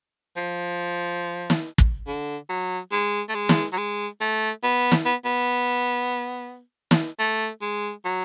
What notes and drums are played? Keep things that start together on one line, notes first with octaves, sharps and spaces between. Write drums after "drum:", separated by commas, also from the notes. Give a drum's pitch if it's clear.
F3
drum: snare
drum: kick
D3
F#3
G#3
A3
G#3
drum: snare
F#3
G#3
A3
B3
drum: snare
B3
B3
drum: snare
A3
G#3
F#3